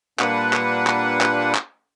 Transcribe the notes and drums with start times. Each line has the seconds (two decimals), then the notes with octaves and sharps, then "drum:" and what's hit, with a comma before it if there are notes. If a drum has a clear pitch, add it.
0.19 A#2 G3 A#3 D4 B4 F#5, drum: clap
0.53 drum: clap
0.87 drum: clap
1.21 drum: clap
1.55 drum: clap